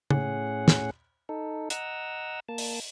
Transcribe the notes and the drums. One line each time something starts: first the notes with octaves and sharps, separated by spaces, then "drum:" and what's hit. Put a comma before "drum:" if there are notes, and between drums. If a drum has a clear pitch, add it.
A2 C#4 G#4 F#5, drum: tom
drum: snare
D#4 A4
D#5 F#5 A#5 E6, drum: hi-hat
A#3 A5
drum: open hi-hat